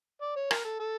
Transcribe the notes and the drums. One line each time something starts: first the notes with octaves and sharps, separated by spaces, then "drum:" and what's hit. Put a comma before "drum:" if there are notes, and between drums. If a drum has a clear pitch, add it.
D5
C#5
A#4, drum: rim click
A4
A4